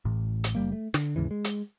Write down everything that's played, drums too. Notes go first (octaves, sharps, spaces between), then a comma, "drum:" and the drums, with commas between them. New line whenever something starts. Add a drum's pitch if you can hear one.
A1 A2
drum: hi-hat
F#1 G3 A#3
A3
D3, drum: snare
D#2 G#2 C#3 E3
G#3
drum: hi-hat